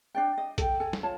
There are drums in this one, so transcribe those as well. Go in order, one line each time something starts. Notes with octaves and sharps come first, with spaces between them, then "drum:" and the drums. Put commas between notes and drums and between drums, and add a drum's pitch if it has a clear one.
D4 D5 G5
D#5
A4 G5, drum: kick A#1, hi-hat
A4 G#5
drum: snare
F4 C#5 A5